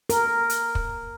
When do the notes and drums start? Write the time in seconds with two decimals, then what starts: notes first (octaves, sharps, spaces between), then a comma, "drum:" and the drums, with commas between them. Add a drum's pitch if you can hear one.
0.09 A#4, drum: hi-hat
0.50 drum: hi-hat
0.75 drum: kick